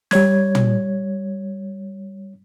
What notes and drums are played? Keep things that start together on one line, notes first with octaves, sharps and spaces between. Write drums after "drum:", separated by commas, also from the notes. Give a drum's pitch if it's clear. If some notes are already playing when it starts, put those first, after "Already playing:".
G3 C#5 G#6, drum: snare
drum: tom